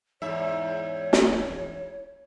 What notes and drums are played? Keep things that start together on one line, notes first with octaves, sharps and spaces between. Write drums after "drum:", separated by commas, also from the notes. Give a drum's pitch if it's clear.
E2 G#2 C#5 E5
drum: snare